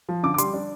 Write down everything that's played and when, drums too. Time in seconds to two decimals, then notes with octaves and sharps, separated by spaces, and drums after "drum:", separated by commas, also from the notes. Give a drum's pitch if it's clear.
0.09 F3
0.23 D3 D6
0.34 D6
0.38 G3 C6, drum: hi-hat
0.54 D4